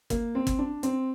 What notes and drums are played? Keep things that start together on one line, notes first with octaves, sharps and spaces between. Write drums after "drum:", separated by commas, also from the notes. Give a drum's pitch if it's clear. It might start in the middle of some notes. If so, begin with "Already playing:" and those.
A#3, drum: kick, hi-hat
C4
drum: kick, hi-hat
D4
C4, drum: hi-hat